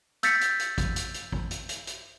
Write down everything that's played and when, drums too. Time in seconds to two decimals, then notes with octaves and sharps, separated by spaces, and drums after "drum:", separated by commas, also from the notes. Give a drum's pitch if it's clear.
0.23 E6 G6 A6 B6 C#7, drum: hi-hat
0.41 drum: hi-hat
0.60 drum: hi-hat
0.78 drum: kick, hi-hat
0.96 drum: hi-hat
1.14 drum: hi-hat
1.32 drum: kick
1.51 drum: hi-hat
1.69 drum: hi-hat
1.87 drum: hi-hat